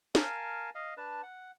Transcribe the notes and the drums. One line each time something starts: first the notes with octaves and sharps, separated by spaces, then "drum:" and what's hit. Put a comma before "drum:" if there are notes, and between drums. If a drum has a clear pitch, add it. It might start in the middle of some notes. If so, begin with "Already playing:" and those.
A#4 F5 G#5 A5, drum: snare
D#5 F5
D4 B4 A5
F#5